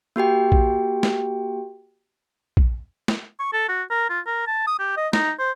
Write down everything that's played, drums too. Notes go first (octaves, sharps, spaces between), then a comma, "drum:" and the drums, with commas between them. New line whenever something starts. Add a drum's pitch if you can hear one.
A#3 F#4 G4 G5
drum: kick A#1
drum: snare
drum: kick A#1
drum: snare
C#6
A4
F#4
A#4
F4
A#4
A5
D#6
G4
D#5
D#4, drum: snare
C5